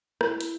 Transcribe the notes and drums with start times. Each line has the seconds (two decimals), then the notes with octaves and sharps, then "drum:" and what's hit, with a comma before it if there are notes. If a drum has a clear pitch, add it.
0.21 E4, drum: rim click
0.41 drum: hi-hat